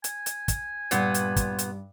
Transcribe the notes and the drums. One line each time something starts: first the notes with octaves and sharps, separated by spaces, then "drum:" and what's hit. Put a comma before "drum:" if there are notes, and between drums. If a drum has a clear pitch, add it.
G#5, drum: hi-hat
drum: hi-hat
drum: kick, hi-hat
G2 A#2 G3 B3, drum: hi-hat
drum: hi-hat
drum: kick, hi-hat
drum: hi-hat